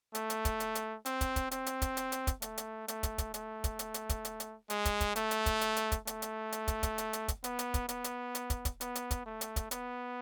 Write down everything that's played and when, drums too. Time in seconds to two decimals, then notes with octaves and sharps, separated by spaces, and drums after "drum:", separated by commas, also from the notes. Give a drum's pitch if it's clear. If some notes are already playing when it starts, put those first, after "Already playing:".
0.15 A3, drum: hi-hat
0.30 drum: hi-hat
0.45 drum: kick, hi-hat
0.60 drum: hi-hat
0.75 drum: hi-hat
1.06 C4, drum: hi-hat
1.21 drum: kick, hi-hat
1.36 drum: kick, hi-hat
1.51 C4, drum: hi-hat
1.66 drum: hi-hat
1.82 drum: kick, hi-hat
1.97 drum: hi-hat
2.12 drum: hi-hat
2.27 drum: kick, hi-hat
2.42 A3, drum: hi-hat
2.58 drum: hi-hat
2.88 A3, drum: hi-hat
3.03 drum: kick, hi-hat
3.18 drum: kick, hi-hat
3.34 A3, drum: hi-hat
3.64 drum: kick, hi-hat
3.79 drum: hi-hat
3.94 drum: hi-hat
4.09 drum: kick, hi-hat
4.25 drum: hi-hat
4.40 drum: hi-hat
4.70 G#3, drum: hi-hat
4.85 drum: kick, hi-hat
5.01 drum: kick, hi-hat
5.16 A3, drum: hi-hat
5.31 drum: hi-hat
5.46 drum: kick, hi-hat
5.61 drum: hi-hat
5.76 drum: hi-hat
5.92 drum: kick, hi-hat
6.07 A3, drum: hi-hat
6.22 drum: hi-hat
6.52 drum: hi-hat
6.68 drum: kick, hi-hat
6.83 drum: kick, hi-hat
6.98 drum: hi-hat
7.13 drum: hi-hat
7.28 drum: kick, hi-hat
7.44 B3, drum: hi-hat
7.59 drum: hi-hat
7.74 drum: kick, hi-hat
7.89 B3, drum: hi-hat
8.04 drum: hi-hat
8.35 drum: hi-hat
8.50 drum: kick, hi-hat
8.65 drum: kick, hi-hat
8.81 B3, drum: hi-hat
8.95 drum: hi-hat
9.11 drum: kick, hi-hat
9.26 A3
9.41 drum: hi-hat
9.56 drum: kick, hi-hat
9.71 B3, drum: hi-hat